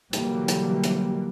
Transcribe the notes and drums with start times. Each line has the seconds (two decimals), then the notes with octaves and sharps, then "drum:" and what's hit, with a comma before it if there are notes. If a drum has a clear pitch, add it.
0.13 B2 D3 E3 F#3 G3 A#3, drum: hi-hat
0.48 drum: hi-hat
0.84 drum: hi-hat